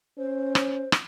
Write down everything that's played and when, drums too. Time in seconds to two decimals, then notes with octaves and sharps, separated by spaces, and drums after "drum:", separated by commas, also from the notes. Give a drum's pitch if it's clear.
0.18 C#4 C5
0.55 drum: rim click
0.92 drum: rim click